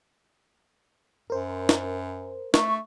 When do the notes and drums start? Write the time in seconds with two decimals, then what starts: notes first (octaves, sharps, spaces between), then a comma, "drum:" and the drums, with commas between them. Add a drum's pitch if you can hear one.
1.30 F#2 A#4 C5
1.69 drum: snare
2.54 A3 C#6, drum: snare